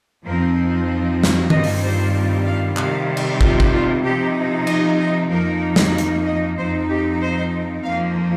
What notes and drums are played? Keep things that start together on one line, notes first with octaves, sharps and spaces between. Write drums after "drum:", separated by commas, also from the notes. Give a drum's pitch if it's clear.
F2 F3 C4 D#4 A#4
drum: snare
G2 D#3 G3 C4 F4 D#5, drum: tom D#3
drum: open hi-hat
C5
F5
C3 D#3 G3 F5, drum: clap
drum: cymbal
F4, drum: kick
drum: kick
F4
C3 F3 D#4 G4
D#5, drum: cymbal
D#5
F2 F3 A#3 D#4 A#4
drum: snare
drum: hi-hat
D#5
F2 F3 C4 D#4 C5
G4
C5
F2 F3 A#3 F5